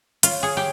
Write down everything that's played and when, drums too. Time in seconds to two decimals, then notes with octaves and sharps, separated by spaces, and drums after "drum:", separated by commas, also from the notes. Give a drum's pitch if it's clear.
0.23 F4 C#5, drum: hi-hat
0.43 G#4
0.57 G4